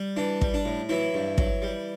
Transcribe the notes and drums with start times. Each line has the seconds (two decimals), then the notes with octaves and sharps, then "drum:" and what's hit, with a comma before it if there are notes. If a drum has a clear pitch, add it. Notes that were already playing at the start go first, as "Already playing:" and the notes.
Already playing: G3
0.16 E3 D4
0.41 G3, drum: kick
0.54 D4
0.65 A2
0.89 E3 F#3 E4
1.14 G2
1.38 F#3, drum: kick
1.62 G3